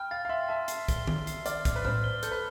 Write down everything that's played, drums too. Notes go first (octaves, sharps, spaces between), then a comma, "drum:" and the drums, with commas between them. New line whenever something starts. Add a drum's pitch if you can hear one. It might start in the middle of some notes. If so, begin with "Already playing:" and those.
Already playing: G5 B5 F6
F5 A6
F5
E5 C6
E5 A5
C7, drum: hi-hat
G7, drum: kick, hi-hat
G7, drum: tom D#3
C7, drum: hi-hat
D5 F6, drum: hi-hat
F6, drum: kick, hi-hat
B4
C5 F6, drum: tom A2
G7
A4 G6, drum: hi-hat
B4